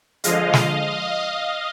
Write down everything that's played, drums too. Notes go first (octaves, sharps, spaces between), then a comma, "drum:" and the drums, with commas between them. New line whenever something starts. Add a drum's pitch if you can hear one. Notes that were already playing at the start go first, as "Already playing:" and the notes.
D3 F3 G#3 D#5 F5, drum: hi-hat
drum: snare